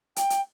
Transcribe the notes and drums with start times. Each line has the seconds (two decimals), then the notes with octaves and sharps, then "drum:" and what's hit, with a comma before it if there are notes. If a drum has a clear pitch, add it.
0.16 G5, drum: hi-hat
0.30 drum: hi-hat